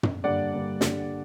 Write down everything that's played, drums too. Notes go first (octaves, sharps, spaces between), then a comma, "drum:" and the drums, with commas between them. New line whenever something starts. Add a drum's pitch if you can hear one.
drum: tom
G2 D3 G3 A#3 D4 D5 F#5
G2 D3 G3 A#3 D4
G2 D3 G3 A#3 D4, drum: snare